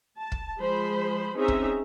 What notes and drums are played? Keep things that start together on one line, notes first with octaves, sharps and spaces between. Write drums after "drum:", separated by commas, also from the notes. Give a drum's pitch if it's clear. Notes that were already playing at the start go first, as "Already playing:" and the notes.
A5
drum: kick
F3 G#3 C5 B5
C4 C#4 D#4 G#4 E5 A#5
drum: kick